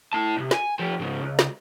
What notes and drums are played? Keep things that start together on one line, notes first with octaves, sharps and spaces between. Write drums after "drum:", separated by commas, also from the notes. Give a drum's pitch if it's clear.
E4 A5
B1 C3
G#5, drum: snare
F3 G4
G#2 C#3
C#2
drum: snare